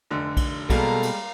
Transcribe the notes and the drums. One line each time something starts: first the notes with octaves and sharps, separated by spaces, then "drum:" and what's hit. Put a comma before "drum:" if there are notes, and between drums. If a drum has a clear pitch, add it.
F1 D3
drum: kick B1, cymbal
B2 G3 G#3 A#3 A4 F5 A#5, drum: kick B1, cymbal
drum: cymbal